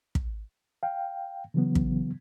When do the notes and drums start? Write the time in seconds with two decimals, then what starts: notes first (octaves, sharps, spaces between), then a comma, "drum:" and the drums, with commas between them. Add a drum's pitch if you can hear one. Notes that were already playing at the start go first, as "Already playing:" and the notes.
0.15 drum: kick
0.83 F5 G5
1.54 C#3 E3 F#3 B3
1.75 drum: kick